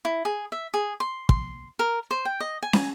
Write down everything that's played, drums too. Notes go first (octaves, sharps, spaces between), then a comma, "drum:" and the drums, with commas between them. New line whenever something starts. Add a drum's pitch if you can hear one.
E4
G#4
E5
G#4
C6
C6, drum: kick
A#4
C5
G5
D#5
G#5
drum: snare